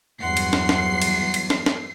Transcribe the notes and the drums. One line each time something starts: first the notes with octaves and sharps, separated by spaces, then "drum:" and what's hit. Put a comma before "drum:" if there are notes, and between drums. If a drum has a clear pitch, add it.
E2 G2 F#3 F#5 C6 C7
drum: cymbal
drum: snare
drum: snare
drum: cymbal
drum: cymbal
drum: snare
drum: snare